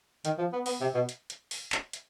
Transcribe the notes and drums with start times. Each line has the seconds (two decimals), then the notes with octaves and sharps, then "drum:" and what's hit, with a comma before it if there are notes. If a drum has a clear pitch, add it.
0.25 D#3, drum: hi-hat
0.38 F3
0.53 B3
0.66 B3, drum: open hi-hat
0.81 C3
0.94 B2
1.09 drum: hi-hat
1.30 drum: hi-hat
1.51 drum: open hi-hat
1.72 drum: clap
1.93 drum: hi-hat